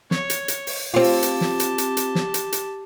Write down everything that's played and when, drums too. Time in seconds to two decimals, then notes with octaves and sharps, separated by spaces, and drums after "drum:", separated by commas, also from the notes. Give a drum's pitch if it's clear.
0.11 C#5, drum: snare
0.30 drum: hi-hat
0.48 drum: hi-hat
0.67 drum: open hi-hat
0.94 C4 F4 G4 A5
1.04 drum: open hi-hat
1.22 drum: hi-hat
1.41 drum: snare
1.60 drum: hi-hat
1.78 drum: hi-hat
1.97 drum: hi-hat
2.15 drum: snare
2.34 drum: hi-hat
2.52 drum: hi-hat